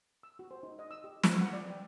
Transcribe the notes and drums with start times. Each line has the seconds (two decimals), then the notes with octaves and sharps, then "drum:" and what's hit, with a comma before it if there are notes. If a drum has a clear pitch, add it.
0.23 E6
0.39 F#4
0.51 C5
0.63 D#4
0.79 D#5
0.91 E6
1.04 G4
1.23 F4, drum: snare
1.41 F#5
1.53 D5
1.70 G5